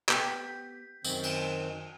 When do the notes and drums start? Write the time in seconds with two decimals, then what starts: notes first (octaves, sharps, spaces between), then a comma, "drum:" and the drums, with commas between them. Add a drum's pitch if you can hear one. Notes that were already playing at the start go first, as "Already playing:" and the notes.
0.09 B3 G4 G6 B6, drum: clap
1.05 F#2 D#3 C4, drum: tambourine
1.23 drum: cymbal